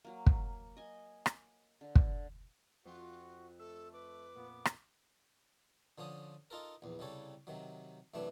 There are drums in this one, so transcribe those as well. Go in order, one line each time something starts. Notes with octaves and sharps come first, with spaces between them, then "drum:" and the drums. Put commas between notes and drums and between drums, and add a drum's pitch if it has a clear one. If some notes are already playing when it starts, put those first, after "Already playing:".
F#3 A#3
drum: kick
D#5 G#5
drum: rim click
D3
drum: kick
F2 F4 F#4
A3 A4 E6
B4 D6
A#2 B3
drum: rim click
D3 F3 C#4 D#6
D#4 F4 A4 A#4
A#1 E2
C2 C#3 G3 A4 C#5
C3 D#3 F#3
F#2 C3 E3 A3 D4